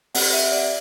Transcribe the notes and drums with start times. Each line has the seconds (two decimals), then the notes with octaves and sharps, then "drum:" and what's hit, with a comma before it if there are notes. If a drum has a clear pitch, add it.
0.15 C4 G4 F#5, drum: open hi-hat
0.33 E5
0.52 D5